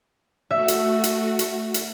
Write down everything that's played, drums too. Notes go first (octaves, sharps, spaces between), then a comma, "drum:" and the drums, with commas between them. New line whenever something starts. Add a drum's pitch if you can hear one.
A3 F#4 E5
drum: hi-hat
drum: hi-hat
drum: hi-hat
drum: hi-hat